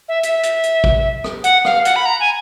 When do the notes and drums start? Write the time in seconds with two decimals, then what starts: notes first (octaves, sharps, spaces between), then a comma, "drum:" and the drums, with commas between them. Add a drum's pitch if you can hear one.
0.09 E5
0.23 E5, drum: hi-hat
0.43 drum: hi-hat
0.64 drum: hi-hat
0.84 drum: kick
1.24 drum: rim click
1.44 F#5, drum: hi-hat
1.65 F5, drum: rim click
1.85 F#5, drum: hi-hat
1.96 B5
2.05 A#5
2.20 G#5